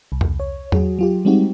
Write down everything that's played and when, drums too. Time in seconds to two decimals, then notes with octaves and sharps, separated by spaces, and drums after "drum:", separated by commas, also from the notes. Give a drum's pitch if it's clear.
0.12 C2
0.21 drum: tom E2
0.40 C#5
0.72 F#3 F#4 G#4, drum: tom E2
0.99 F#3 F4 G4
1.25 G3 G#3 C4 D#4 F#4 G4